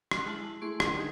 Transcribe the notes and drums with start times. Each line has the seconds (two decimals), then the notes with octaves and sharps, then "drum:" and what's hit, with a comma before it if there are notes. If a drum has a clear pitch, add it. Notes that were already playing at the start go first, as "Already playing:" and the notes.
0.11 F6 F#6, drum: rim click
0.25 G#3 E4 A5 F#7
0.61 A3 E4 G#4 C6 C#6 D7
0.80 D3 F#3 D#4 G#4 A#4, drum: rim click
0.97 D3 D#3 D#4 G4 G#4 A#4